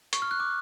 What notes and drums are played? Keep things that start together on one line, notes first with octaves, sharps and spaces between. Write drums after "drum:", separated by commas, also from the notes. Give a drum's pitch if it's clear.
C#6, drum: hi-hat
F6
F#6
D6